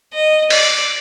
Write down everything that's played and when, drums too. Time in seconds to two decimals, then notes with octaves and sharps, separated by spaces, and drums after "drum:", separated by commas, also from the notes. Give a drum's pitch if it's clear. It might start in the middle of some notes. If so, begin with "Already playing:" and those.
0.13 D#5
0.50 D5, drum: open hi-hat